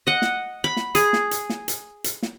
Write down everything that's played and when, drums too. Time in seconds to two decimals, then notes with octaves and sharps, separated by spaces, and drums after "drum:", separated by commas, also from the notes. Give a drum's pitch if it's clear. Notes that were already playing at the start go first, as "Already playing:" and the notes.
0.07 D#5 F#5
0.22 drum: snare
0.64 B5
0.77 drum: snare
0.95 G#4, drum: hi-hat
1.13 drum: snare
1.31 drum: hi-hat
1.50 drum: snare
1.68 drum: hi-hat
2.04 drum: hi-hat
2.23 drum: snare